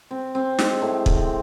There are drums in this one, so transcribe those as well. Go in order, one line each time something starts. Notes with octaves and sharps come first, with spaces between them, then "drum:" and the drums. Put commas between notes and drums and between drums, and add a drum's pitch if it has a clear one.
C4
C4
G#3, drum: snare
A2
C4, drum: kick